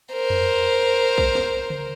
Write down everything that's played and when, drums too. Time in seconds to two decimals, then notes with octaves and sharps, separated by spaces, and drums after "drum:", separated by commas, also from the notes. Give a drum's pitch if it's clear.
0.12 A#4 C5
0.30 drum: tom F2
1.18 drum: kick
1.35 drum: snare
1.70 drum: tom C#3